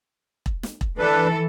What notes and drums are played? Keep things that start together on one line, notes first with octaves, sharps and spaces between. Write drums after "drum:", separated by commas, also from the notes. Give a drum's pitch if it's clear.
drum: kick E1
drum: snare
drum: kick E1
E3 D4 A4 B4